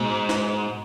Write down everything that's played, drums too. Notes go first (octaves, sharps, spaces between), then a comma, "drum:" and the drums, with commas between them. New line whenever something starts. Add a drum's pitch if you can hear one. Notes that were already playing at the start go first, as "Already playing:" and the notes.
Already playing: G#2 B2 G#3 B3 F#4
drum: snare